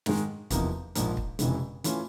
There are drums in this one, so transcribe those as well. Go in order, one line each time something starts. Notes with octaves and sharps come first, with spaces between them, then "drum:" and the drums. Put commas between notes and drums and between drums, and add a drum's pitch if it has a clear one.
G#2 D#3 G#3, drum: snare
E2 C3 F3 A#3 D#4, drum: kick, hi-hat
A#1 G#2 F3 A#3, drum: hi-hat
drum: kick
F1 F2 C#3 E3 G#3, drum: hi-hat
E3 A3 C#4 F4, drum: hi-hat